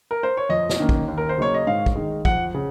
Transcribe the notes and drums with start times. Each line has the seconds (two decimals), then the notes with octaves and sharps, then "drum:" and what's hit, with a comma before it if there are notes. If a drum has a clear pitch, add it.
0.11 A#4
0.23 C5
0.37 C#5
0.49 F2 D#5
0.69 drum: snare
0.79 D#3 A#3 C#4
0.89 drum: kick
1.08 D#2
1.18 A#4
1.29 C5
1.38 C#3 F#3 A#3 D#4 C#5
1.54 D#5
1.67 G#2 F5
1.86 drum: kick
1.96 D#3 G#3
2.25 F2 F#5, drum: kick
2.54 C#3